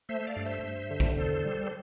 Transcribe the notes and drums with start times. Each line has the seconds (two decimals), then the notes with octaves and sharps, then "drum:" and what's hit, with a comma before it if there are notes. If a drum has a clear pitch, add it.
0.09 A3 C5 E5
0.27 D5 F5
0.36 G2
0.45 C5 E5
0.63 G2
0.90 D3
1.00 drum: kick A#1
1.18 E2 A4 C5
1.45 G3
1.67 C5